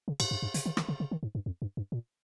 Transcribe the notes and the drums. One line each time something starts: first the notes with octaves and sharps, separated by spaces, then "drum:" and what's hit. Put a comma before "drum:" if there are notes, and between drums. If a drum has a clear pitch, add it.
C#3
G#2, drum: cymbal
G2
G2
C#3, drum: hi-hat
D#3
D#3, drum: rim click
C#3
C#3
D#3
G#2
G2
F2
G2
G2
A#2